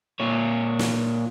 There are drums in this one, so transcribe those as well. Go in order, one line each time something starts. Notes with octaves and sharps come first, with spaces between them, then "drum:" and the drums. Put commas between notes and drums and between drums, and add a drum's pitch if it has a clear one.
A#2 C#5
drum: snare